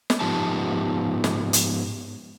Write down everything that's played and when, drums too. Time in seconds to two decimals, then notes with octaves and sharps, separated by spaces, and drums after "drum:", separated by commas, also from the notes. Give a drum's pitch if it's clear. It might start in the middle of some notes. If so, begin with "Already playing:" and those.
0.10 drum: snare
0.20 G#2 F3 B3 D#4 G4 A5
1.24 drum: snare
1.53 drum: hi-hat